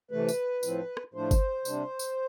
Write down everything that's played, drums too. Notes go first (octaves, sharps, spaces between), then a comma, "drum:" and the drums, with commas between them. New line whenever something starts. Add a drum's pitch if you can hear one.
C3 E3 A3 B4
drum: tambourine
A2 F3 C4, drum: tambourine
drum: rim click
A2 F3 A3 D4 C5
drum: kick G1, tambourine
C3 G3 D4, drum: tambourine
drum: tambourine